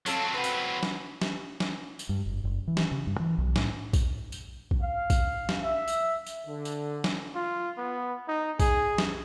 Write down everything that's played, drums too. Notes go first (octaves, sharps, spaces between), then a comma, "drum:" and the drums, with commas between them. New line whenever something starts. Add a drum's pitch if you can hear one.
F#3 C4 F4 A4 C#5, drum: tambourine
F#4 B4
drum: tambourine
drum: snare
drum: snare
drum: snare
drum: tambourine
G2
F#1
F#1
E3
drum: snare
C#3
G2
E3
B1
A2, drum: snare
drum: kick A#1, tambourine
drum: tambourine
drum: kick A#1
F5
drum: kick A#1, tambourine
drum: snare
E5
drum: tambourine
drum: tambourine
D3
drum: tambourine
drum: snare
F4
B3
D#4
G#4, drum: kick A#1, tambourine
drum: snare